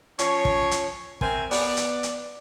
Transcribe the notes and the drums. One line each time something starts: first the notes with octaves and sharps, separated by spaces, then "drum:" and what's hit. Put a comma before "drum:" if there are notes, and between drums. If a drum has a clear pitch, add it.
F3 C#4 C#5, drum: hi-hat
drum: kick
drum: hi-hat
C4 A#4 E5 G#5, drum: kick
B3 D5, drum: open hi-hat
drum: hi-hat
drum: hi-hat